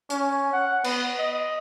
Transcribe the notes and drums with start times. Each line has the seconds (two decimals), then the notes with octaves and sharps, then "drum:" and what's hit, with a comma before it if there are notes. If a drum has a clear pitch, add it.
0.10 C#4, drum: hi-hat
0.53 F#5
0.84 B3, drum: cymbal
1.19 D#5